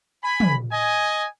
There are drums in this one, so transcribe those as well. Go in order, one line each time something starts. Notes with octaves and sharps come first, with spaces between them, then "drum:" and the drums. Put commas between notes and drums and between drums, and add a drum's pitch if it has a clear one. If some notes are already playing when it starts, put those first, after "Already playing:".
G#5 B5
drum: tom
D#5 G#5